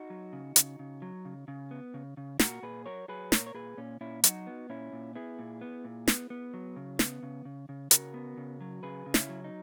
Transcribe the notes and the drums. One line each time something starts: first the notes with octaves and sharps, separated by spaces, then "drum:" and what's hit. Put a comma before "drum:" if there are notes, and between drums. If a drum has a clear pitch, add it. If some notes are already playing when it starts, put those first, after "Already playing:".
Already playing: D#4 F#4
F#3
C#3
C#3, drum: hi-hat
C#3
F#3
C#3
C#3
B3
C#3
C#3
A#2 F#4 A#4, drum: snare
A#2 G#4 B4
F#3 A#4 C#5
F#3 G#4 B4
A#2 A#4 C#5, drum: snare
C#5
A#2 G#4 B4
A#2 C#4
A#2 C#4 E4
F#3 D#4 F#4, drum: hi-hat
B3
A#2 C#4 E4
A#2
B3 E4 G#4
A#2
B3
A#2
B3, drum: snare
B3
F#3
C#3
B3, drum: snare
C#3
C#3
C#3
C#3 F#4 A#4, drum: hi-hat
B3
C#3
F#3
C#3 G#4 B4
C#3
C#4 E4, drum: snare
F#3
D#4